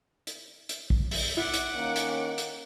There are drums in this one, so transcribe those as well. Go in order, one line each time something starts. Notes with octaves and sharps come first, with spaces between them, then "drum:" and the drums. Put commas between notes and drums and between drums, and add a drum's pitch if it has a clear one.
drum: hi-hat
drum: hi-hat
drum: kick
drum: open hi-hat
E4 F#5 D6
drum: hi-hat
D#3 A#3 C#4
drum: hi-hat
drum: hi-hat